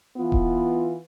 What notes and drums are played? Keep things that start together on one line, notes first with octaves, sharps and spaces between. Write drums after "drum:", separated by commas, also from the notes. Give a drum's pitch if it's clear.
E3 B3 F4
drum: kick D#1